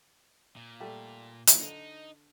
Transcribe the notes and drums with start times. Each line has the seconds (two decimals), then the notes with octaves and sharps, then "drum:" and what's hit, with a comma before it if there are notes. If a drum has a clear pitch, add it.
0.56 A#2
0.80 G3 A3 G4
1.47 A#2 E3 F#3, drum: hi-hat
1.59 D3 D#4